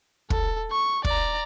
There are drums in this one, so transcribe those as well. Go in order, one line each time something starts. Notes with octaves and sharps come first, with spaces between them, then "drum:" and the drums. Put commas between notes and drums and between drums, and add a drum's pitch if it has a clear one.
A4, drum: kick
C#6
D5 A#5, drum: kick